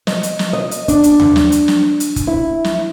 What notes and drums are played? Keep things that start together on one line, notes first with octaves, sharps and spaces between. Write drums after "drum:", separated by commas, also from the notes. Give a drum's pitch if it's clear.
D#5, drum: snare
drum: hi-hat
drum: snare
D#5
drum: hi-hat
D4, drum: kick, hi-hat
drum: hi-hat
drum: tom D#2
drum: snare
drum: hi-hat
drum: snare
drum: hi-hat
drum: kick, hi-hat
E4
drum: snare